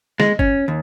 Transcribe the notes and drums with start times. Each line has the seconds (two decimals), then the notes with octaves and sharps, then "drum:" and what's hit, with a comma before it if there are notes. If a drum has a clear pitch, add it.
0.20 G#3, drum: snare
0.39 C#4, drum: kick
0.68 D#2